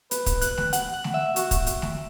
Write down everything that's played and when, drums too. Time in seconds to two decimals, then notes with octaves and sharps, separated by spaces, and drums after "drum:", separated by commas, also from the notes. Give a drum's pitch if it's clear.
0.11 B4, drum: hi-hat
0.26 drum: kick, hi-hat
0.41 F#6, drum: hi-hat
0.57 drum: snare A3
0.73 F#5, drum: hi-hat
0.94 F#5
1.04 drum: snare A3
1.14 E5
1.36 F#4, drum: hi-hat
1.51 drum: kick, hi-hat
1.67 drum: hi-hat
1.82 drum: snare A3